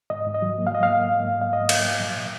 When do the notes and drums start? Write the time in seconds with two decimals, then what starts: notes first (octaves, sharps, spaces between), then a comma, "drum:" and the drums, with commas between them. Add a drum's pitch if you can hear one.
0.10 G#2 D#5
0.27 G#2
0.34 D#5
0.42 F#3
0.58 A#3
0.67 F5
0.73 G#2 D#5
0.83 F5
0.90 A#3
1.06 G#2
1.22 G#2
1.37 G#2 F5
1.53 G#2 D#5
1.69 A#3, drum: cymbal
1.84 F#3
2.00 A#2
2.17 A#2